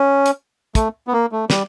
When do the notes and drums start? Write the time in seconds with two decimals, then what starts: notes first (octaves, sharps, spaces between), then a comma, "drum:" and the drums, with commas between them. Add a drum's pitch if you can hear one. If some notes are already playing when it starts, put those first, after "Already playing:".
Already playing: C#4
0.26 drum: hi-hat
0.75 A3, drum: kick, hi-hat
1.07 B3
1.13 A#3
1.32 A3
1.50 G3, drum: snare